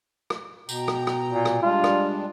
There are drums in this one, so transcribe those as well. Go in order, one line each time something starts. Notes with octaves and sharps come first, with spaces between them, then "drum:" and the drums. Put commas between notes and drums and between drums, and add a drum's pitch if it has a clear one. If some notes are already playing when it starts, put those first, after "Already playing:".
drum: rim click
B2 G5 A#5, drum: tambourine
drum: rim click
drum: rim click
A#2
drum: rim click
G3 G#3 D4 F4
drum: rim click